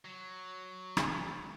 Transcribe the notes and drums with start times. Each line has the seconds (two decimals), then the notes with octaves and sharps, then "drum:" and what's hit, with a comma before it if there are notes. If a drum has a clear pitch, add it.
0.05 F#3
0.97 drum: rim click